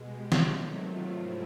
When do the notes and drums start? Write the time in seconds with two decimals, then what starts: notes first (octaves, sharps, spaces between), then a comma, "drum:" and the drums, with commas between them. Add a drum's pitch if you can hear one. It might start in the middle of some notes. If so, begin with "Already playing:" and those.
Already playing: B2 G#3
0.09 G4
0.32 drum: snare
0.42 C3 D#3 F#3 A3
0.76 F4
1.10 G#2 F3 A3 E4